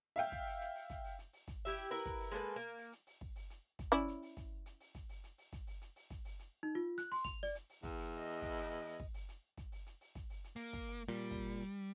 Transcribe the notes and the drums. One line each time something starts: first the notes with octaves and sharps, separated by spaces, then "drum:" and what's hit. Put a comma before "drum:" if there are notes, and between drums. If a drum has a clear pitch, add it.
E5 F5 G5, drum: open hi-hat
drum: kick, hi-hat
drum: open hi-hat
drum: hi-hat
drum: open hi-hat
drum: kick, hi-hat
drum: open hi-hat
drum: hi-hat
drum: open hi-hat
drum: kick, hi-hat
E4 G4 E5
drum: hi-hat
E4 A#4 B4, drum: open hi-hat
drum: kick, hi-hat
drum: open hi-hat
G#3 A#3 A4 B4, drum: hi-hat
A#3
drum: open hi-hat
drum: hi-hat
drum: open hi-hat
drum: kick
drum: open hi-hat
drum: hi-hat
drum: kick, hi-hat
C#4 E4 D5
drum: hi-hat
drum: open hi-hat
drum: kick, hi-hat
drum: hi-hat
drum: open hi-hat
drum: kick, hi-hat
drum: open hi-hat
drum: hi-hat
drum: open hi-hat
drum: kick, hi-hat
drum: open hi-hat
drum: hi-hat
drum: open hi-hat
drum: kick, hi-hat
drum: open hi-hat
drum: hi-hat
D#4
F4
F#6, drum: hi-hat
C6, drum: open hi-hat
F7, drum: kick, hi-hat
D5, drum: open hi-hat
drum: hi-hat
drum: open hi-hat
E2, drum: kick, hi-hat
drum: open hi-hat
D#5
drum: kick, hi-hat
drum: open hi-hat
drum: hi-hat
drum: open hi-hat
drum: kick
drum: open hi-hat
drum: hi-hat
drum: kick, hi-hat
drum: open hi-hat
drum: hi-hat
drum: open hi-hat
drum: kick, hi-hat
drum: open hi-hat
drum: hi-hat
A#3, drum: open hi-hat
drum: kick, hi-hat
drum: open hi-hat
A#2 G3
drum: kick, hi-hat
drum: open hi-hat
drum: hi-hat